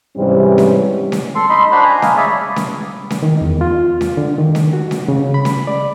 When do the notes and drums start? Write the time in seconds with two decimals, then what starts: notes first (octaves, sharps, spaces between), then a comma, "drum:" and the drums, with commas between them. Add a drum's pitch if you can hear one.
0.17 G#2 C3 E3 G3 C4 C#4
0.58 drum: snare C#4
1.12 drum: snare C#4
1.35 A4 C6
1.49 D#4 D#5 B5 C6
1.72 D4 F#4 C5 B5 C6
1.84 G#5 A#5
2.02 D#5 F5, drum: snare C#4
2.17 G#4 C#5 D5 E5 G#5 B5
2.56 drum: snare C#4
3.10 drum: snare C#4
3.23 D#3
3.41 E2
3.61 F4
4.01 drum: snare C#4
4.17 D3
4.38 D#3
4.55 drum: snare C#4
4.73 F#4
4.91 drum: snare C#4
5.08 C#3
5.34 B5
5.45 drum: snare C#4
5.67 D5